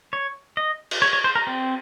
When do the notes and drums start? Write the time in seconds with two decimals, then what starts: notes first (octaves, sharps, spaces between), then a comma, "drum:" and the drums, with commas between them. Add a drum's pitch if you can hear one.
0.13 C#5
0.57 D#5
0.91 drum: cymbal
1.02 C#5
1.13 C#5
1.24 C5
1.35 A#4
1.47 C4